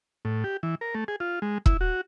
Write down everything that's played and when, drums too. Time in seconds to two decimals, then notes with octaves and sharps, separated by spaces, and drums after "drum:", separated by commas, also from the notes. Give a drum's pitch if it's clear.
0.25 A2
0.44 G4
0.63 E3
0.81 A#4
0.95 A3
1.08 G#4
1.20 F4
1.42 G#3
1.66 E4, drum: kick
1.81 F#4